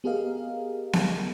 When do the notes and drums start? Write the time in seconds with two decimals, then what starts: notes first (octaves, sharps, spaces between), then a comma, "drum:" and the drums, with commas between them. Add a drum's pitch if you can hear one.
0.04 B3 G4 G#4 A#4 D#5 F5
0.93 drum: snare B3